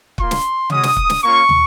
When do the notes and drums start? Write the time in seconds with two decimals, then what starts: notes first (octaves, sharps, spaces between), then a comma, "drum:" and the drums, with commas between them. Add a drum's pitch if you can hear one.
0.18 A#3 F4 C6, drum: kick
0.31 drum: snare
0.70 G#3 C#4 F#4 D#6, drum: tom C3
0.83 drum: snare
0.96 drum: kick
1.10 drum: snare
1.22 A#3 C#4 F4 C#6
1.49 drum: tom